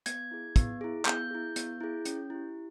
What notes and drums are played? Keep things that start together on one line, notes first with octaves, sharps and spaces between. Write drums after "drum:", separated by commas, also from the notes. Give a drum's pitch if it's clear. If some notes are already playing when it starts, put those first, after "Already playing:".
B3 G#6, drum: hi-hat
E4 G#4
B3, drum: kick, hi-hat
E4 G#4
B3 G6, drum: clap
E4 G#4
B3, drum: hi-hat
E4 G#4
C#4, drum: hi-hat
E4 G4